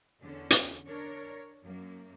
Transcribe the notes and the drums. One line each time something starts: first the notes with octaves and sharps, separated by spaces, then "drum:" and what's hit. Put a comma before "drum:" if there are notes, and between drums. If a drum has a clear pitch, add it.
E2 D3 C#4
drum: hi-hat
D4 A#4 C#5
F#2 A#3